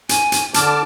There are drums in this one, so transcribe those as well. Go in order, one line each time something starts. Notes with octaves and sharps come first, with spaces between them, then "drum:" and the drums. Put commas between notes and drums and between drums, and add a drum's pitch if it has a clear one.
G#5, drum: hi-hat
drum: hi-hat
D3 A5 D6 F6, drum: hi-hat